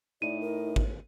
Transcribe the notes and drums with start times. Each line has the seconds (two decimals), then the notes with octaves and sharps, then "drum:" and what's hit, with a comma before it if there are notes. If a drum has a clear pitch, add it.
0.22 A2 D#4 D5 D#7
0.41 A#4
0.76 drum: kick